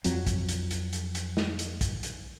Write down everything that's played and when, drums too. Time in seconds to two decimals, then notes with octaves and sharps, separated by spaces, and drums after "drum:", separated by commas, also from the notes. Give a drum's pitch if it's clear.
0.04 F2 F3 F#3 C4, drum: hi-hat
0.27 drum: kick, hi-hat
0.49 drum: hi-hat
0.71 drum: hi-hat
0.93 drum: hi-hat
1.15 drum: hi-hat
1.37 drum: snare
1.59 drum: hi-hat
1.81 drum: kick, hi-hat
2.03 drum: hi-hat